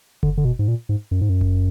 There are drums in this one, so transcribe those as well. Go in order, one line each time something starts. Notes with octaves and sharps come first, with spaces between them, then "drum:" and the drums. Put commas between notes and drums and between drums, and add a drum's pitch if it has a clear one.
D3, drum: kick F#1
D3
B2
G#2
A#2
G#2
F#2
G#2
F#2
drum: kick F#1